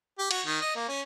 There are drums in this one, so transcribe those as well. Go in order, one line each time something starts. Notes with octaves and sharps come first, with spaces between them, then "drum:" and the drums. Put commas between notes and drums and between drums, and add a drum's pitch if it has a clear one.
G4
F#4, drum: cymbal
D#3
D#5
A#3
C#4